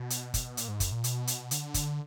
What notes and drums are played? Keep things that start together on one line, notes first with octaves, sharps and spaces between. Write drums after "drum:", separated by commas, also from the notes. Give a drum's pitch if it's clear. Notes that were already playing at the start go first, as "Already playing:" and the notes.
Already playing: B2
drum: hi-hat
drum: kick, hi-hat
A#2, drum: hi-hat
G#2
F#2, drum: kick, hi-hat
A#2
B2, drum: hi-hat
drum: hi-hat
D3, drum: hi-hat
drum: kick, hi-hat